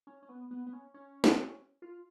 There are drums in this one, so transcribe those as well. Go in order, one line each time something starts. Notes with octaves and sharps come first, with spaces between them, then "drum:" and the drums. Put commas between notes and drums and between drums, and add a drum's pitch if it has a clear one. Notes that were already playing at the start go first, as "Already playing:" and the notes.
C#4
C#4
B3
B3
B3
C#4
C#4
drum: snare
F4